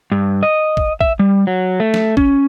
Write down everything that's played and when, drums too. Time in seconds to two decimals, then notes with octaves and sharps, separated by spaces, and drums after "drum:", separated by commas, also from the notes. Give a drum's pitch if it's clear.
0.12 G2
0.43 D#5
0.77 drum: kick
1.01 E5, drum: kick
1.19 G3
1.47 F#3
1.80 A3
1.94 drum: snare
2.17 C#4, drum: kick